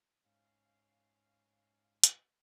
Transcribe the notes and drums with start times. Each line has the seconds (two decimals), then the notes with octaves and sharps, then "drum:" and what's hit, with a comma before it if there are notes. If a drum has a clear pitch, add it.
0.26 G#2 C#4 F5
2.04 drum: hi-hat